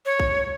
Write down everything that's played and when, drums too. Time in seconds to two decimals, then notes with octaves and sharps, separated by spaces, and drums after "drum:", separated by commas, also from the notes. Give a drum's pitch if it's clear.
0.05 C#5
0.20 drum: kick